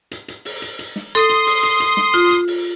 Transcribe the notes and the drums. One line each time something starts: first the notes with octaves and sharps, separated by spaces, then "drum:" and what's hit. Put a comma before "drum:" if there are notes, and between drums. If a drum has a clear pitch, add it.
drum: hi-hat
drum: hi-hat
drum: open hi-hat
drum: hi-hat
drum: hi-hat
drum: snare
A4 C6 D#6 C7, drum: hi-hat
drum: hi-hat
drum: open hi-hat
drum: hi-hat
drum: hi-hat
drum: snare
F4, drum: hi-hat
drum: hi-hat
drum: open hi-hat